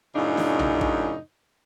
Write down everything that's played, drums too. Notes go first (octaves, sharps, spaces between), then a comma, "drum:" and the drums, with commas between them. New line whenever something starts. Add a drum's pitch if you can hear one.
F#2 A2 C#3 D4 D#4
drum: snare
drum: tom B1
drum: kick